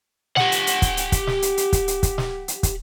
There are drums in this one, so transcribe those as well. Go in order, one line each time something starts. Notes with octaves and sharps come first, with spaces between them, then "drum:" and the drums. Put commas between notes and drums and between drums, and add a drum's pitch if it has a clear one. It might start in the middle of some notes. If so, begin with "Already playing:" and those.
G4 F#5, drum: snare
drum: hi-hat
drum: hi-hat
drum: kick, hi-hat
drum: hi-hat
drum: kick, hi-hat
drum: snare
drum: hi-hat
drum: hi-hat
drum: kick, hi-hat
drum: hi-hat
drum: kick, hi-hat
drum: snare
drum: hi-hat
drum: kick, hi-hat